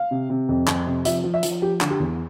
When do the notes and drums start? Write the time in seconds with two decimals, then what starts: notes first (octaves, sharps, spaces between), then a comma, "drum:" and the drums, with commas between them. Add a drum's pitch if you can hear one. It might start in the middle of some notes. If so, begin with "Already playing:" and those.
Already playing: F5
0.11 C3
0.30 C3
0.49 F2
0.68 F2, drum: clap
0.87 C3
1.05 F3 E5, drum: hi-hat
1.24 F3
1.34 E5
1.43 F3, drum: hi-hat
1.62 F3 G4
1.81 D3, drum: clap
1.90 G4
2.00 E2